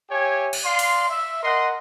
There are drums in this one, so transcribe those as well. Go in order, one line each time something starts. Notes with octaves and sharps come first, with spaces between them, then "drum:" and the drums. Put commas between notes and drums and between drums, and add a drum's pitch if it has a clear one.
G4 C#5 E5 G5 G#5
drum: cymbal
D5 F5 C6
drum: cymbal
E5
A#4 D#5 F#5 C6